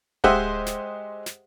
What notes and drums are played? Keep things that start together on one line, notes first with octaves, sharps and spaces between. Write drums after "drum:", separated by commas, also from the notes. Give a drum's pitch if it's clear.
G#3 G4 C5 D#5 E5 F#5, drum: kick D1
drum: snare
drum: snare